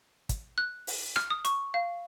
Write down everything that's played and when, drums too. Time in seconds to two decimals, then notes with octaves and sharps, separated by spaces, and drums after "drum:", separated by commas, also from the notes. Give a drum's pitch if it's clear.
0.29 drum: kick, hi-hat
0.58 F#6
0.87 drum: open hi-hat
1.16 F6, drum: rim click
1.30 D#6
1.45 C#6, drum: hi-hat
1.74 F5